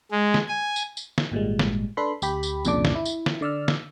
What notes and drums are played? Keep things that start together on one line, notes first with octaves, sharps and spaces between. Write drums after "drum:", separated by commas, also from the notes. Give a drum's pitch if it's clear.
G#3
drum: snare
G#5
drum: tambourine
drum: tambourine
drum: snare
G#1 A#2 G3 G#3
drum: snare
D4 A4 B4 B5 C6
D2 G4 B5, drum: tambourine
drum: tambourine
C2 F2 A#2 C#3 D4 D6, drum: tambourine
drum: snare
E4
drum: tambourine
drum: snare
D3 D5 E6 F6
drum: snare